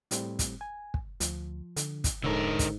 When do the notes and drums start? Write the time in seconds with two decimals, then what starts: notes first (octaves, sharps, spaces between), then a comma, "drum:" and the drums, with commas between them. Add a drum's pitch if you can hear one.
0.11 A2 G3 C4, drum: hi-hat
0.39 drum: kick, hi-hat
0.61 G#5
0.94 drum: kick
1.20 D2 F3, drum: hi-hat
1.77 D3, drum: hi-hat
2.04 drum: kick, hi-hat
2.24 D#1 G#2 D3 A4 A#4 C#5 E6
2.59 drum: kick, hi-hat